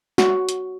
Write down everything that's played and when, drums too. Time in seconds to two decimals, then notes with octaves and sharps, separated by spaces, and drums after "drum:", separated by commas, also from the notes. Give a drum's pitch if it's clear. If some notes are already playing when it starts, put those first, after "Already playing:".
0.18 F#4, drum: snare
0.49 drum: hi-hat